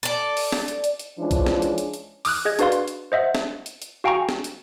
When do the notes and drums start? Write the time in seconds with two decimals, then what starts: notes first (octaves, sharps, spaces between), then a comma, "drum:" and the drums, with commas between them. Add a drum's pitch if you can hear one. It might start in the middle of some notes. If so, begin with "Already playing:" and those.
0.03 A4 D5
0.37 drum: open hi-hat
0.52 drum: snare
0.68 drum: hi-hat
0.84 drum: hi-hat
0.99 drum: hi-hat
1.19 E3 F3 G#3 C#4 D4
1.31 drum: kick B1, hi-hat
1.46 drum: snare
1.62 drum: hi-hat
1.78 drum: hi-hat
1.94 drum: hi-hat
2.25 D6 D#6 F6 F#6, drum: open hi-hat
2.45 G#4 D#5 G#6
2.59 D4 F#4 B4 D5 F5 C6, drum: hi-hat
2.72 drum: hi-hat
2.88 drum: hi-hat
3.12 C5 D#5 E5 F#5
3.35 drum: snare
3.66 drum: hi-hat
3.82 drum: hi-hat
4.04 F#4 F5 G5 G#5 A#5 C#6
4.29 drum: snare
4.44 drum: hi-hat